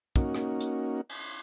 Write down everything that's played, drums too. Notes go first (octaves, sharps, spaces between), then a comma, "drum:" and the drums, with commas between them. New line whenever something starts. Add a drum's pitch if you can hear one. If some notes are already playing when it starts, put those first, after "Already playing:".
A#3 C#4 D#4 F#4, drum: kick
drum: rim click
drum: hi-hat
drum: cymbal